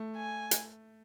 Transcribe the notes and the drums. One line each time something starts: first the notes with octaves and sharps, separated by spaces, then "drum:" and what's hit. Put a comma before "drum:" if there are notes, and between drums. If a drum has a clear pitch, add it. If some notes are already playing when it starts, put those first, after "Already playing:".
Already playing: A3
G#5
drum: hi-hat